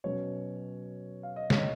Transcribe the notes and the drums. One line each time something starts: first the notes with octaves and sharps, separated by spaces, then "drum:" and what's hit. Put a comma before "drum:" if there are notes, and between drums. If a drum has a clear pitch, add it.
B2 F#3 C#4 C#5
F5
D#5
C#5, drum: snare